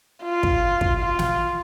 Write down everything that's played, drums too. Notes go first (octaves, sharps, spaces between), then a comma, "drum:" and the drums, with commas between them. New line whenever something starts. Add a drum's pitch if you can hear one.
F4
drum: kick
drum: kick
F4
drum: snare